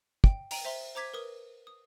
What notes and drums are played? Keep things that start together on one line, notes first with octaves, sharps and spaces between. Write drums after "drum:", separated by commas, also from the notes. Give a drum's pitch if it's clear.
G5, drum: kick
G5 A#5 D7 D#7 F#7, drum: open hi-hat
C5 E5 A#5 C6
C5 A#5 D6 G#6 B6
A#4 B4 D#6
D#6